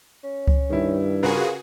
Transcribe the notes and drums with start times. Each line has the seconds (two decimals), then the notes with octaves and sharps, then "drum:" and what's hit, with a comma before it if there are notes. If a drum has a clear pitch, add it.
0.24 C#4
0.47 drum: kick C#2
0.70 G2 D#3 E4
1.23 C#3 F4 F#4 G#4 A#4 B4 F5